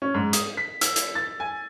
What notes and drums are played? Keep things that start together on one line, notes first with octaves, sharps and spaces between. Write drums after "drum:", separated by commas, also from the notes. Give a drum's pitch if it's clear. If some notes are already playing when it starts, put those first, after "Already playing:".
C#4
G#2
D#6, drum: hi-hat
B6
E6, drum: hi-hat
drum: hi-hat
A6
G#5